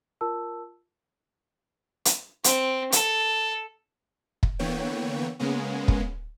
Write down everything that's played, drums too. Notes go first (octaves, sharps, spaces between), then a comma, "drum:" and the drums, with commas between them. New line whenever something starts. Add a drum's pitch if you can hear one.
F4 A#4 A5 E6
drum: hi-hat
C4, drum: hi-hat
A4, drum: hi-hat
drum: kick
D3 E3 A#3 B3 C#5 G5
C#3 G#3 A#3 B3 C#4
drum: kick